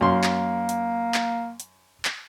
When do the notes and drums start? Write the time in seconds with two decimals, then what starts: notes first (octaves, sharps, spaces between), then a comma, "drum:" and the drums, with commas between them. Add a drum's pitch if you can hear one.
0.01 F#2 A#3 C6
0.24 drum: clap
0.69 drum: hi-hat
1.14 drum: clap
1.60 drum: hi-hat
2.05 drum: clap